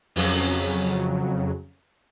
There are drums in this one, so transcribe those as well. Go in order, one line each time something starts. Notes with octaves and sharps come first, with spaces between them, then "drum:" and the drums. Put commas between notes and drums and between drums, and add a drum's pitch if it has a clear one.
F2 C#3 F#3, drum: open hi-hat